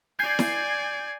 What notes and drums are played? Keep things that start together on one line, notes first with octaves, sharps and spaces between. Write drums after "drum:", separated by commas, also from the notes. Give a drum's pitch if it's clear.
D5 G#5 G6 G#6 C7
drum: snare E4